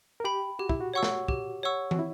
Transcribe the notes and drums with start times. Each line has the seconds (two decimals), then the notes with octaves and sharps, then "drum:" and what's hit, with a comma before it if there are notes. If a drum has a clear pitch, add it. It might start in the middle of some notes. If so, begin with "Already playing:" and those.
0.20 A#4
0.24 G4 G5 B5
0.59 F#4 G4
0.69 E4, drum: kick
0.80 F#4
0.94 C#5 F#5 C#6 E6
1.03 drum: snare
1.28 G4, drum: kick
1.63 C#5 F#5 C#6 E6
1.91 F#4, drum: tom
1.99 E4